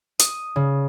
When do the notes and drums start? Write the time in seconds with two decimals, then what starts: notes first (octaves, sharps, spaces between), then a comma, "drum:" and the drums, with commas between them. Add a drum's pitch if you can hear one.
0.19 D#6, drum: hi-hat
0.56 C#3